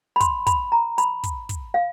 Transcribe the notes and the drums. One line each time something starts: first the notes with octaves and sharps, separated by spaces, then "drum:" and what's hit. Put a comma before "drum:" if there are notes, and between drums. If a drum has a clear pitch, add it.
B5
C6, drum: kick, hi-hat
B5, drum: kick, hi-hat
A#5
B5, drum: hi-hat
drum: kick, hi-hat
drum: kick, hi-hat
F5